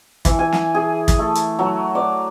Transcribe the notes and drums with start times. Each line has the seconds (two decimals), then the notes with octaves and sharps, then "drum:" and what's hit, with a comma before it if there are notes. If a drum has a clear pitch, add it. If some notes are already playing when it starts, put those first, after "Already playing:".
0.25 E3, drum: kick, hi-hat
0.39 G#5
0.53 drum: snare
0.74 G#4
1.08 drum: kick, hi-hat
1.19 A3
1.35 drum: hi-hat
1.59 F#3
1.95 D5